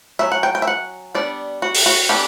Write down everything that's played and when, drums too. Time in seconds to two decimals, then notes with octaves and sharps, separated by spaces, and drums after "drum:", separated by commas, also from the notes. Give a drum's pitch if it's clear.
0.19 F#3 C#4 E5
0.32 F#5
0.43 G5
0.55 G5
0.62 E5
0.67 F#5
1.15 G3 B3 D4 D5
1.62 F#4
1.75 drum: open hi-hat
1.86 F#4
2.09 E3 B3 D4 G4